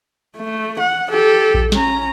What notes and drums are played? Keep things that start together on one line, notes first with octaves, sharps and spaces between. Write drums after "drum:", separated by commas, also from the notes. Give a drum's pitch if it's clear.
A3
F#5
G4 A4
drum: kick A#1
C#4 A#5, drum: snare